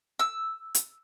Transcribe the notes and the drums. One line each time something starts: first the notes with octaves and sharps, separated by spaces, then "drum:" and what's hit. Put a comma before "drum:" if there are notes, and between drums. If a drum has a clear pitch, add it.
E6
drum: hi-hat